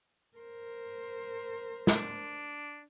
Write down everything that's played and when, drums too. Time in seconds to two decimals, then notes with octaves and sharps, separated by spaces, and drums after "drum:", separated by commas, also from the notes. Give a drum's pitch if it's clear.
0.37 A#4 C5
1.87 D4, drum: snare